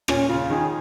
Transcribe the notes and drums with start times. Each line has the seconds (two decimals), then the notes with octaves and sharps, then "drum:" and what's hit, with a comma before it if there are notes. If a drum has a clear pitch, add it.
0.08 A#2 C#4, drum: rim click
0.29 C#3 F4
0.50 D#3 G#4